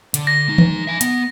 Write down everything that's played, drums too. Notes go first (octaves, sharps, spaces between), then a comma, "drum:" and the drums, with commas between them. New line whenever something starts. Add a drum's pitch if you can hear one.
D3, drum: hi-hat
A#6
G#3 D#4
drum: tom D#3
E5 G#5
B3, drum: hi-hat